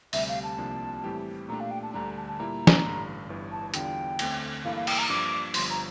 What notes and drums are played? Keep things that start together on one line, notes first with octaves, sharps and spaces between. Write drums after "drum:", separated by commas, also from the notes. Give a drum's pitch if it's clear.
D2 C3 G3 E5, drum: open hi-hat
F5
A5
C2 C3 F3 A#3 D4
A2 E3 G3 C4 G4
A#2 A3 D4 G4 A#5
F5
G5
A5
D2 D3 G3 D4 A#5
A5
A5
A#2 G3 A#3 E4 A#5
drum: snare
A1 G2 D3
G1 G2 E3
A5
E2 D3 G3 D4 F4 G5, drum: hi-hat
D2 D3 A3 C4, drum: cymbal
G2 E3 A#3 E4 A4 F5
F5
G5, drum: cymbal
A#5
G2 F3 A#3 D4 D6
G1 G2 F3 C6, drum: open hi-hat
A#5